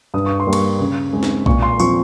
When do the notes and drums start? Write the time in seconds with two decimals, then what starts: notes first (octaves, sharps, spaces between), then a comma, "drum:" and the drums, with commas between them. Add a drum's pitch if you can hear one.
0.14 G2 D#6
0.26 C#6
0.40 C6
0.47 G3 A#3
0.53 C#6, drum: cymbal
0.80 C#3
1.13 G#3 C4
1.23 drum: snare
1.46 A#2 C#6, drum: kick B1
1.63 C6
1.80 F3 C4 C#6, drum: tambourine